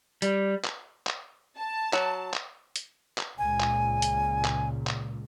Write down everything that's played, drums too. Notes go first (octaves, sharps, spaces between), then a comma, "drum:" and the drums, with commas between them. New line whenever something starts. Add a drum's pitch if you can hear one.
G3, drum: hi-hat
drum: clap
drum: clap
A5
F#3, drum: clap
drum: clap
drum: hi-hat
drum: clap
C#2 A#2 G#5
drum: clap
drum: hi-hat
drum: clap
drum: clap